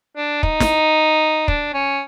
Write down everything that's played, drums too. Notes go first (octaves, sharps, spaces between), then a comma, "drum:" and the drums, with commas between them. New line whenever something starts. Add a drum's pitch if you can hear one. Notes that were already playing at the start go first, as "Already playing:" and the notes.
D4
D#4, drum: kick
drum: snare
D4, drum: kick
C#4